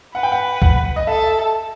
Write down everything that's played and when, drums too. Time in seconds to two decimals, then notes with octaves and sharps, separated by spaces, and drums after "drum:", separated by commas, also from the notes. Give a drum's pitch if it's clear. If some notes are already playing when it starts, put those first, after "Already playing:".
0.15 B4 F#5
0.23 G5
0.32 F#5
0.62 F#5, drum: kick C2
0.96 D#5
1.07 A4 E5